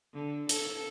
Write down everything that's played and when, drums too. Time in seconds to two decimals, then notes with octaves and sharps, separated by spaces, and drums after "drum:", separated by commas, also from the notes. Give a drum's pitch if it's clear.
0.14 D3
0.49 A4, drum: hi-hat